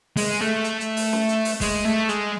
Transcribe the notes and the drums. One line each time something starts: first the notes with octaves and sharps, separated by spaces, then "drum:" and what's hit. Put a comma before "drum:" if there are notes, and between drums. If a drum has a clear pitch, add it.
G#3, drum: open hi-hat
A3
drum: hi-hat
drum: hi-hat
drum: open hi-hat
drum: snare C#4
drum: hi-hat
drum: open hi-hat
G#3, drum: kick, open hi-hat
A3
G#3, drum: hi-hat